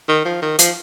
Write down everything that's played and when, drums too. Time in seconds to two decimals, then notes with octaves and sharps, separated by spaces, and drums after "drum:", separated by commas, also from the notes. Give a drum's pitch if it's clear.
0.09 D#3
0.25 F3
0.42 D#3
0.59 F3, drum: hi-hat